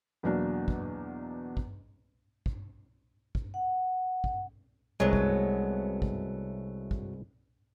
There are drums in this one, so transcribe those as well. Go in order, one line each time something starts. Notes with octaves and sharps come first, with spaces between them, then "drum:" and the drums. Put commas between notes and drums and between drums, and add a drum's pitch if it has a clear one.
E2 B2 F#3 A#3 D4
drum: kick
drum: kick
drum: kick
drum: kick
F#5
drum: kick
C2 F#3 G#3 A3 B3
drum: kick
drum: kick
drum: kick